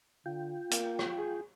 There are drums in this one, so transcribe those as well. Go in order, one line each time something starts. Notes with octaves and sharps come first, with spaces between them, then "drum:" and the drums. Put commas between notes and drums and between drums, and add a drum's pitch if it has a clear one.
D3 F4 G5
A#3, drum: hi-hat
drum: rim click
G#4